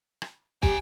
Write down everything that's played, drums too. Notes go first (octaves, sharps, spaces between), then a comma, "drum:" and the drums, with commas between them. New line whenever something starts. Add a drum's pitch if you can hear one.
drum: rim click
G4 F5 G#5, drum: kick